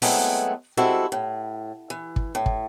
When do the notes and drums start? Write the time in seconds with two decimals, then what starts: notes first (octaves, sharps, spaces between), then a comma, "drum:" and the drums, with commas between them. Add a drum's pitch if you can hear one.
0.02 F#3 G#3 A3 B3 C4 E4, drum: open hi-hat
0.77 G3 G#3 C4 E4 F#4 A4
1.12 A2
1.90 E3
2.16 drum: kick
2.35 A2
2.46 drum: kick